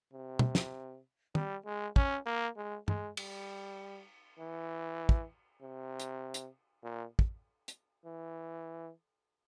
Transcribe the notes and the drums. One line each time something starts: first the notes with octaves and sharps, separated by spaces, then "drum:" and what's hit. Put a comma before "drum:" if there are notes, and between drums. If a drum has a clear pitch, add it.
C3
drum: tom
drum: snare
G3, drum: tom
G#3
C#4, drum: kick
A#3
G#3
G#3, drum: tom G2
G3, drum: cymbal
E3
drum: kick
C3
drum: hi-hat
drum: hi-hat
A#2
drum: kick
drum: hi-hat
E3